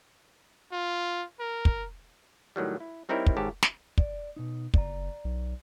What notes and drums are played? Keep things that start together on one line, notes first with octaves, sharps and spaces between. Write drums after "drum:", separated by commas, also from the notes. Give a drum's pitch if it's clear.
F4
A#4
drum: kick
A2 D#3 F#3 G3
E4
G3 C4 D#4 E4 A#4 C#5
drum: kick
G#1 G#2 G4 C#5 A5
drum: snare
D5, drum: kick
B2 D#4
F#1 D5 A#5, drum: kick
B1